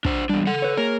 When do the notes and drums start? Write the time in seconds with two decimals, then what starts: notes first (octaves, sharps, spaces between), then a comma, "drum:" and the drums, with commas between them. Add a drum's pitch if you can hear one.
0.05 D4 C5, drum: kick
0.29 E2 G3 D4
0.47 A4 F#5
0.62 B4 C#5
0.77 A#3 G#4 A#4 C#5